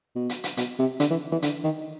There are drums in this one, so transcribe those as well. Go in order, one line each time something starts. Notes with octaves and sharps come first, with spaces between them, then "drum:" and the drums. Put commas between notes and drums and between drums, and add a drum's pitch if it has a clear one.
B2
drum: hi-hat
drum: hi-hat
B2, drum: hi-hat
C3
D3, drum: hi-hat
E3
E3
D3, drum: hi-hat
D#3